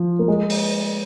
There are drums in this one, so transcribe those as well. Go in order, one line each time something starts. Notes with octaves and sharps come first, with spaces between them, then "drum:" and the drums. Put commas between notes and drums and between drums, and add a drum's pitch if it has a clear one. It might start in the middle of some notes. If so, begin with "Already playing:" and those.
Already playing: F3
A#3
G#3
drum: open hi-hat